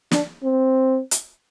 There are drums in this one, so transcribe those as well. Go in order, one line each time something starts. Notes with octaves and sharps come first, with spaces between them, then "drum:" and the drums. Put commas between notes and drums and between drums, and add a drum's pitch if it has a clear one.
D4, drum: snare
C4
drum: hi-hat